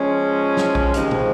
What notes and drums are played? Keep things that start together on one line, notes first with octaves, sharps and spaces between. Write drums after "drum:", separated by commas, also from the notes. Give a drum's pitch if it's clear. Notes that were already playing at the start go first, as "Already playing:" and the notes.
Already playing: F3 G#3 C#4
drum: snare
drum: kick A#1
D#2 C#3 F3 G#3 C4, drum: hi-hat
drum: tom